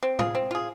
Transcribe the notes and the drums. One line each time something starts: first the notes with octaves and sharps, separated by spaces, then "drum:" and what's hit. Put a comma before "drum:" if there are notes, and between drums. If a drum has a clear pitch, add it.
C4
F4 G#4, drum: tom
C4
F4 G#4